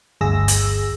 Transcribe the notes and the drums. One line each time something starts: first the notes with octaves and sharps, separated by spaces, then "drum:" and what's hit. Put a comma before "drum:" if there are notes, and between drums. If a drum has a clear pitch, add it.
G1 D2 G#4 E6 A#6
drum: hi-hat